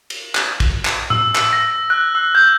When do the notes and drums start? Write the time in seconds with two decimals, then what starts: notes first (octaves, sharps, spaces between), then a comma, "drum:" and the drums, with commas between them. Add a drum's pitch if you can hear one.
0.10 drum: cymbal
0.35 drum: clap
0.60 drum: kick, cymbal
0.85 drum: clap
1.10 E6, drum: tom A2
1.35 drum: clap
1.53 A#6
1.90 F#6
2.15 E6
2.35 G6